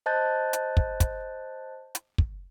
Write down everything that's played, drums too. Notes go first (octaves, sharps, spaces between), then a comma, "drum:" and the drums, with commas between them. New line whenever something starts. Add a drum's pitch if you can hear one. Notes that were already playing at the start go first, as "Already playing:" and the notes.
C5 D#5 A5 F#6 G6 A6
drum: hi-hat
drum: kick
drum: kick, hi-hat
drum: hi-hat
drum: kick